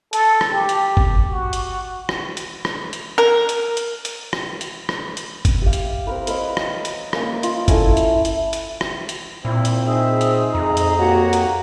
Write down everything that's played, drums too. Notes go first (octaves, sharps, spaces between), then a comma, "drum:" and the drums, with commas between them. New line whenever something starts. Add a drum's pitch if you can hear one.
A4, drum: hi-hat
drum: rim click
G4
drum: hi-hat
drum: kick G1
F#4
drum: hi-hat
drum: rim click
drum: hi-hat
drum: rim click
drum: hi-hat
A#4
drum: hi-hat
drum: hi-hat
drum: hi-hat
drum: rim click
drum: hi-hat
drum: rim click
drum: hi-hat
drum: kick G1, hi-hat
G4 F5
drum: hi-hat
C4 A#4 B4
A#4 B4 C#5 D#5, drum: hi-hat
drum: rim click
drum: hi-hat
A#3 C#4 A#4, drum: rim click
F4, drum: hi-hat
C#4 E4 A4, drum: kick G1, hi-hat
drum: hi-hat
drum: hi-hat
drum: hi-hat
drum: rim click
drum: hi-hat
A#2 C4 E4
drum: hi-hat
D#4 G#4 E5
drum: hi-hat
F2 A#5
drum: hi-hat
A#3 F#4 G4 C#5
drum: hi-hat